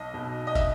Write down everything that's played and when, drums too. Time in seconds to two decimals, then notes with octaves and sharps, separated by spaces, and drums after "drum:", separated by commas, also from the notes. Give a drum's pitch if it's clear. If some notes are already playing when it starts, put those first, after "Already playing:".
Already playing: B1 D#5
0.14 B2
0.47 D#5
0.55 E5, drum: kick, hi-hat